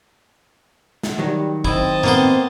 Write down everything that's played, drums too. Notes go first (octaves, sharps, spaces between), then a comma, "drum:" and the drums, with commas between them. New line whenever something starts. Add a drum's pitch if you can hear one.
drum: snare
D#3 F#3 G3
C4 E4 D#5 A5, drum: kick
A#3 B3 C5, drum: tom A2